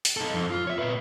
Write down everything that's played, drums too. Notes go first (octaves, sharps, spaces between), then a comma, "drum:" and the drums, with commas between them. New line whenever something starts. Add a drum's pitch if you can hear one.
drum: open hi-hat
D#4 A4
F2
F4
C#5 E5
A#2 B4